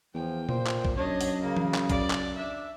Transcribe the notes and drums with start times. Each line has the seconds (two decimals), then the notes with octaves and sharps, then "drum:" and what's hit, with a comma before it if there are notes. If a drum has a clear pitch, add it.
0.15 E2 F3 G5
0.49 A#2 C5, drum: tom A#2
0.67 drum: clap
0.85 drum: kick B1
0.97 F#2 D4 C#5 D#5
1.21 drum: open hi-hat
1.43 C#3 A#3
1.57 drum: tom E3
1.74 drum: clap
1.90 D5, drum: kick B1, hi-hat
2.10 drum: clap
2.36 D4 E5